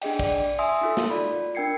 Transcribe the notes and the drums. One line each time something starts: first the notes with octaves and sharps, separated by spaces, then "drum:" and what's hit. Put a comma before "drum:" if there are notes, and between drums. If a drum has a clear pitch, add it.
D4 G#4 D#5 G5, drum: cymbal
D5, drum: kick
E5 G#5 C6 D#6 E6
D#4 F4 A4
drum: snare
F4 D5 B5
D4 A#4 G5 G#6 C7 C#7